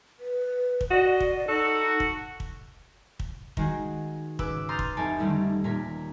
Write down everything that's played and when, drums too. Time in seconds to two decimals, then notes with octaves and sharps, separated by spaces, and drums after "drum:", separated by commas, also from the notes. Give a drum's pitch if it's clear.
0.19 B4
0.81 drum: kick
0.91 F#4 D5 D#5
1.20 drum: kick
1.48 D#4 F#4 A4
2.00 drum: kick
2.40 drum: kick
3.20 drum: kick
3.57 D#3 G#3 F#4 G#4, drum: kick
4.39 G#2 C#3 B4 D6 E6 F#6, drum: kick
4.69 A#5 C6 D#6 F6 G6 A6
4.79 drum: kick
4.97 F1 D#4 A4 G#5 A5 D7
5.18 D3 D#3 G3 A3 C#4 D#4
5.64 D#1 A#2 A#4 G#6 B6